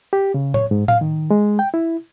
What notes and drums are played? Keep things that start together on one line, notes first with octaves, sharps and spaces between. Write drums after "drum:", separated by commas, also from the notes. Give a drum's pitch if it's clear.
G4
C#3
C#5, drum: tom A2
G#2
F5, drum: tom A2
D#3
G#3
G5
E4